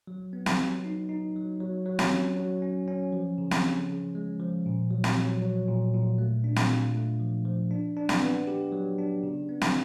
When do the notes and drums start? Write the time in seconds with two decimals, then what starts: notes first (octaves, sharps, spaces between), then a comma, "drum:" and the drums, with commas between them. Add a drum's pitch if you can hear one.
0.07 F#3
0.33 B3
0.46 drum: snare
0.58 F#3
0.85 D#4
1.09 D#4
1.36 F#3
1.60 F#3
1.86 F#3
1.99 drum: snare
2.12 C#4
2.36 F#3
2.62 C#4
2.88 C#4
3.13 F3
3.38 C#3
3.51 drum: snare
3.65 C#3
3.90 C#3
4.15 G#3
4.40 F3
4.66 A#2
4.91 F#3
5.04 drum: snare
5.17 F#3
5.42 F#3
5.68 A#2
5.93 A#2
6.18 A3
6.44 D4
6.56 drum: snare
6.70 F4
6.95 A3
7.20 F3
7.45 F3
7.71 D4
7.97 D4
8.09 drum: snare
8.22 B3
8.47 G4
8.72 F#3
8.98 D4
9.23 C#3
9.49 B3
9.61 drum: snare